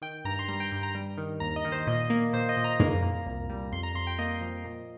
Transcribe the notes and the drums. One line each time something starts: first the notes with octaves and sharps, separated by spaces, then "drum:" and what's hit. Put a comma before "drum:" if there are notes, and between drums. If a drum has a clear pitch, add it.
D#3 G5
G2 A#5
C6
G3 A#5
G5
G2 G5
A#5
G3
D#3
D#2 A#5
D#5
D#3
C5
A#2 D#5
A#3
A#2 C5
D#5
A#2
A#5
A#3, drum: tom
A#2
C2
G3
F2 C6
A#5
F2 C6
G5
A#3 D#5
F3
A#2